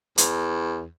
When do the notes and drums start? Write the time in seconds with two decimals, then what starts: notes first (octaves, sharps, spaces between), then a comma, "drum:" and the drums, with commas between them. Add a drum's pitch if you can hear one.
0.18 E2, drum: hi-hat